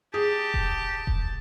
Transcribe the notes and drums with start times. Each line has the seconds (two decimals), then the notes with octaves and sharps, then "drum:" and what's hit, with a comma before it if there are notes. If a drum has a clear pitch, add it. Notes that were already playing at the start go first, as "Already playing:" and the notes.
0.14 G4 G#4 A5
0.54 drum: kick E1
1.07 drum: kick E1